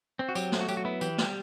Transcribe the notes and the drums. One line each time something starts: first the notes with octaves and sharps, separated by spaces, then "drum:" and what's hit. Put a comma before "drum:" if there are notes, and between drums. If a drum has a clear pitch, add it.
C4
F#4
F#3 G4, drum: tambourine
A3, drum: snare
F#4
F#3 G4, drum: tambourine
F#4
B3 E4
E3 G4, drum: tambourine
G3, drum: snare